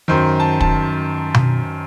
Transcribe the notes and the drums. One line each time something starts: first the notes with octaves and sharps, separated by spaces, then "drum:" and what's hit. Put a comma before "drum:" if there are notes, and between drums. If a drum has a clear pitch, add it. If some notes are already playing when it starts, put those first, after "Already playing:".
F#2 D#3 C5
A5
A5, drum: kick
drum: tom B2